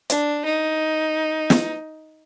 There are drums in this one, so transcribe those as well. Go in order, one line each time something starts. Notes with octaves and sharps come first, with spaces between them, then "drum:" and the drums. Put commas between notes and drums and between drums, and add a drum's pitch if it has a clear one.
D4, drum: hi-hat
D#4
drum: snare